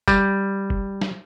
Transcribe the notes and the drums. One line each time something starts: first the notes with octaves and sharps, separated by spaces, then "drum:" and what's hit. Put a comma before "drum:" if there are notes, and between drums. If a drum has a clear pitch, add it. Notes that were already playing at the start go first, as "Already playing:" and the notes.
G3, drum: kick F1, tambourine
drum: kick F1
drum: snare